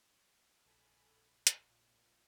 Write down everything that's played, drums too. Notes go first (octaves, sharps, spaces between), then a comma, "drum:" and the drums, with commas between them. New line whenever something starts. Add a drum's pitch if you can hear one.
A#1 A4 G#5 B5
drum: hi-hat
A#2